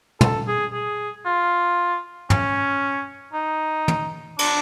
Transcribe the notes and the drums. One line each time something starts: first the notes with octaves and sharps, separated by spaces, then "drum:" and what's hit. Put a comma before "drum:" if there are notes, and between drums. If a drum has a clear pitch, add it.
A4, drum: tom
G#4
G#4
F4
C#4, drum: tom
D#4
drum: tom
D4, drum: cymbal